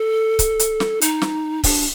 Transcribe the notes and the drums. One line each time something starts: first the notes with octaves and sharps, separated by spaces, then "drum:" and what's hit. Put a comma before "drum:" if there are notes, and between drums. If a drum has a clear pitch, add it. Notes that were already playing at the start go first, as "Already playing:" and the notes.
Already playing: A4
drum: kick C#1, hi-hat
drum: hi-hat
drum: snare
D#4, drum: hi-hat
drum: snare
D4, drum: kick C#1, open hi-hat